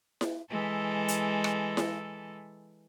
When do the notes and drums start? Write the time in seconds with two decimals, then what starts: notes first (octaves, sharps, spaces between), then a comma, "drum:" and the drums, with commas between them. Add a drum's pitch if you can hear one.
0.21 drum: snare E4
0.50 E3 G#3 A4
1.08 drum: hi-hat
1.44 drum: rim click
1.77 drum: snare E4